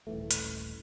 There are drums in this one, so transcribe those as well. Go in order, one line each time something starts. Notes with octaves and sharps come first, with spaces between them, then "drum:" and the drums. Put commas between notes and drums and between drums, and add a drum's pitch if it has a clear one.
D#1 A1 E3 A3
drum: hi-hat